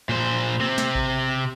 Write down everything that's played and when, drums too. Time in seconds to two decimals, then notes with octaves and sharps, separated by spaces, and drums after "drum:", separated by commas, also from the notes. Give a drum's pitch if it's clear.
0.09 A#2 C5
0.61 C3 C4
0.78 drum: snare
0.95 drum: kick A1